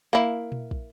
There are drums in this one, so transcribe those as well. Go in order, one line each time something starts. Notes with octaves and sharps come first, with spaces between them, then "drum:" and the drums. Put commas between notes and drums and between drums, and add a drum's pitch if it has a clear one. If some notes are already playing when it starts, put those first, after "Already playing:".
A#3 E4
drum: tom A#2
drum: kick